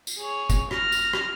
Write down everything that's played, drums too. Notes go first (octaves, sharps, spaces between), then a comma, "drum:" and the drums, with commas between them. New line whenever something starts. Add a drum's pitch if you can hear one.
drum: tambourine
G#4 C#5
drum: kick, tambourine
F6 A#6, drum: rim click
drum: tambourine
drum: rim click